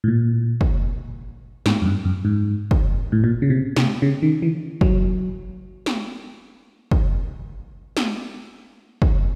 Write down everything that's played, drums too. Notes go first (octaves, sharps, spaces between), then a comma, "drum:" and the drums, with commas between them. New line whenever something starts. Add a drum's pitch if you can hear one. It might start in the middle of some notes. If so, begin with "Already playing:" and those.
A2
A#2
drum: kick
G#2, drum: snare
F#2
G2
F#2
G#2
drum: kick
A2
A#2
C#3
C3
C3, drum: snare
C#3
D#3
E3
F#3, drum: kick
drum: snare
drum: kick
drum: snare
drum: kick